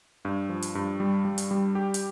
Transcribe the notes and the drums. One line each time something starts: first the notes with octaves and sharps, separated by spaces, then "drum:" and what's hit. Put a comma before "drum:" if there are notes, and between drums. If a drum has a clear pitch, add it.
G2
F3
drum: hi-hat
G2
G3
G3
drum: hi-hat
G3
G4
drum: hi-hat